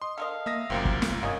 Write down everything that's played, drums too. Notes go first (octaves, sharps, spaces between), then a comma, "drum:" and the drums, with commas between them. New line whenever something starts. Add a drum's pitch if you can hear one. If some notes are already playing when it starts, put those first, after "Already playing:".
D#5 C6
A4 A#4 D#5 F5
A#3 E5 D#6 A#6
F#1 C2 F#2 A#2 A#3 C4
drum: kick
drum: snare
G2 A#3 C#4 D#5